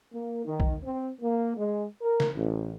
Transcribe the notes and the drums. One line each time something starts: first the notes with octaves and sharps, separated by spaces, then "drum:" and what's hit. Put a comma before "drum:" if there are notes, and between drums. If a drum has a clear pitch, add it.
A#3
D#3
drum: kick
C4
A#3
G#3
A#4
drum: snare
A1